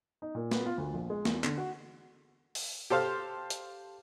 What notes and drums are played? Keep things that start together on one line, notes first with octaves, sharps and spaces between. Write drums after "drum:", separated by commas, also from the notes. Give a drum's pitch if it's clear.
D#4
A#2
B3, drum: snare
F4
D2
A#1
G#3
E2, drum: snare
D3, drum: clap
F#4
drum: open hi-hat
G4 A4 C5 F5
drum: hi-hat